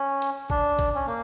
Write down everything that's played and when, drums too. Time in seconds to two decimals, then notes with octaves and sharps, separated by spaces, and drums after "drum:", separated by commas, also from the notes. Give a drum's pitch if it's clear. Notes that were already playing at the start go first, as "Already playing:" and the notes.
Already playing: C#4
0.22 drum: hi-hat
0.50 D4, drum: kick
0.79 drum: kick, hi-hat
0.95 C#4
1.07 A#3